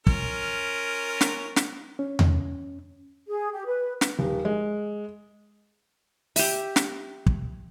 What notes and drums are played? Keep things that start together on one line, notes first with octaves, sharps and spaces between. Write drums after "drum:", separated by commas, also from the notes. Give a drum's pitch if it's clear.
C#4 F4 A#4, drum: kick
drum: snare
drum: snare
C#4
drum: tom E2
G#4
G4
B4
drum: snare
D#1
G#3
G4 E5, drum: open hi-hat
drum: snare
drum: kick